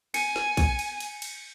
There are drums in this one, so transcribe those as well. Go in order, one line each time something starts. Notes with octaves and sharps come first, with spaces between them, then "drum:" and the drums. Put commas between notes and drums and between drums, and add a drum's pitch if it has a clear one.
G#5 C#7, drum: cymbal
drum: snare
drum: kick, cymbal
drum: cymbal
drum: cymbal
drum: cymbal